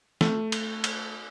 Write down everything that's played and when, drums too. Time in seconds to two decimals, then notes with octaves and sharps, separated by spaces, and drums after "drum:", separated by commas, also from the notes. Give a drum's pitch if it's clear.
0.21 A3, drum: snare
0.52 drum: cymbal
0.84 drum: cymbal